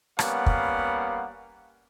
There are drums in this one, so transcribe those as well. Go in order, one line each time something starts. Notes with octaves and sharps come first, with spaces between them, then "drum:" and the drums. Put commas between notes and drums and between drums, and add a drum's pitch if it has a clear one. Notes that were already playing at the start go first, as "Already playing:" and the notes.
G3 A#3 B3 C#4 F5 F#5, drum: rim click
drum: kick